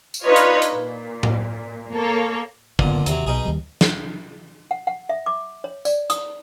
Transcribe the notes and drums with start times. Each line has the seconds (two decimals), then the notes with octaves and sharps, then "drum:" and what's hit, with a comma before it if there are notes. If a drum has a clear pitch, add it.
0.14 drum: tambourine
0.25 D4 D#4 F4 B4 C#5 D#5
0.36 drum: hi-hat
0.62 drum: hi-hat
0.74 A#2
1.23 drum: tom A2
1.93 A#3 A4 C#5
2.79 F#1 A#2 D3 B3, drum: kick
3.06 D#2 C3 F#3, drum: hi-hat
3.27 B1 B2 D#4 G#4
3.45 D#2 G3
3.81 drum: snare
4.71 F#5
4.87 F#5
5.09 E5
5.26 D6
5.64 C#5
5.85 D5, drum: tambourine
6.10 D#6, drum: hi-hat